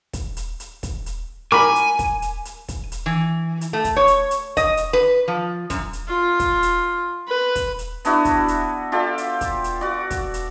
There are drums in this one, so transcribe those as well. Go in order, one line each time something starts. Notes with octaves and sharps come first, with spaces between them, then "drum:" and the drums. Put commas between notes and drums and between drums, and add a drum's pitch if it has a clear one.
drum: kick, hi-hat
drum: hi-hat
drum: hi-hat
drum: kick, hi-hat
drum: hi-hat
A#4 G#5 B5 D6
drum: hi-hat
drum: kick, hi-hat
drum: hi-hat
drum: hi-hat
drum: kick, hi-hat
drum: hi-hat
E3
drum: hi-hat
A3
drum: kick, hi-hat
C#5
drum: hi-hat
drum: hi-hat
D#5, drum: kick, hi-hat
drum: hi-hat
B4
F3
F#2, drum: kick, hi-hat
drum: hi-hat
F4
drum: kick, hi-hat
drum: hi-hat
B4
drum: kick, hi-hat
drum: hi-hat
B3 D4 E4 F#4, drum: hi-hat
drum: kick, hi-hat
drum: hi-hat
F4 G4 A4 D5
drum: hi-hat
drum: kick, hi-hat
drum: hi-hat
F#4 D5
drum: kick, hi-hat
drum: hi-hat